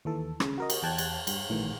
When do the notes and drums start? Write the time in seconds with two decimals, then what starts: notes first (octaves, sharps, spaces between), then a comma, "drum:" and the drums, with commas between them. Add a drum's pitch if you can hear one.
0.05 D#2 E3 A4
0.40 C#3, drum: rim click
0.58 F#4 A#4 D#5
0.70 drum: cymbal
0.83 E2 G5 A5 F#6 G#6
0.98 drum: cymbal
1.27 G2, drum: cymbal
1.50 A#1 A2 D#3 E3